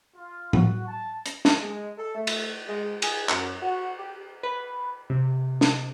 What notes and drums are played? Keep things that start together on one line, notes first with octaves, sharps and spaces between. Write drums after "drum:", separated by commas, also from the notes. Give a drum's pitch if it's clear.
F4
F#4, drum: tom A2
A5
drum: hi-hat
drum: snare
G#3
A4
A3
drum: cymbal
G#3
G#4, drum: cymbal
F#2, drum: clap
F#4
G4
B4
C3
drum: snare